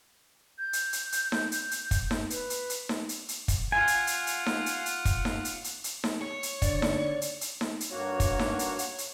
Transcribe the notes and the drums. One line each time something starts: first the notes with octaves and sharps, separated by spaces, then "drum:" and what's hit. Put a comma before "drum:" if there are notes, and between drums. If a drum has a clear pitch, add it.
G6
drum: hi-hat
drum: hi-hat
drum: hi-hat
drum: snare D#4
drum: hi-hat
drum: hi-hat
drum: kick, hi-hat
drum: snare D#4
B4, drum: hi-hat
drum: hi-hat
drum: hi-hat
drum: snare D#4
drum: hi-hat
drum: hi-hat
drum: kick, hi-hat
F4 F#5 G#5
drum: hi-hat
drum: hi-hat
drum: hi-hat
drum: snare D#4
drum: hi-hat
drum: hi-hat
drum: kick, hi-hat
drum: snare D#4
drum: hi-hat
drum: hi-hat
drum: hi-hat
drum: snare D#4
C#5
drum: hi-hat
D3 D5, drum: kick, hi-hat
drum: snare D#4
drum: hi-hat
drum: hi-hat
drum: snare D#4
drum: hi-hat
G2 A#3 F#4 C#5
drum: kick, hi-hat
drum: snare D#4
drum: hi-hat
drum: hi-hat
drum: hi-hat